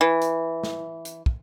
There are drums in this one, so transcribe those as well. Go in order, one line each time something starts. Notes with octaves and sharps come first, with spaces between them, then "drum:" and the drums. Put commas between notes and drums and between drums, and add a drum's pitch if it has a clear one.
E3
drum: hi-hat
drum: snare
drum: hi-hat
drum: kick